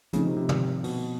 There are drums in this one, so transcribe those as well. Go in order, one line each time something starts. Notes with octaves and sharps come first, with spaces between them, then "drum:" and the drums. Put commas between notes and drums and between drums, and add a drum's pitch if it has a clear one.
C#3 F3 A3 C4 D#4, drum: hi-hat
C3
C3
drum: tom
B2, drum: open hi-hat